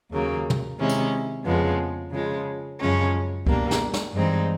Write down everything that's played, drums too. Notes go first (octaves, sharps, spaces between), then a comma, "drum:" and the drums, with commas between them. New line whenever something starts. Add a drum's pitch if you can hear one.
D#2 C#3 F#3 A#3
drum: tom
C3 D#3 G#3 C#4 E4
drum: tambourine
F2 C#3 F3 G#3 B3
C#3 F3 G#3
F#2 C#3 F3 G#3 C#4
B2 G3 A#3 D4, drum: kick C#2
drum: snare
drum: snare
G2 E3 G#3 C4 D#4